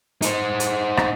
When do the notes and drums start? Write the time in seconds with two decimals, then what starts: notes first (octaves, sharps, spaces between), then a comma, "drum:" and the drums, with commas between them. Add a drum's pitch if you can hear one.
0.22 D#4 C5, drum: hi-hat
0.60 drum: hi-hat
0.97 drum: rim click